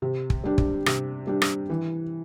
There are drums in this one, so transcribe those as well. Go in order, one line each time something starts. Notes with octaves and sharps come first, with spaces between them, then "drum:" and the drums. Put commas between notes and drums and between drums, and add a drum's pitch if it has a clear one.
C3
drum: kick
G3 D4 G4
drum: kick
C3, drum: rim click
G3 D4 G4
drum: rim click
E3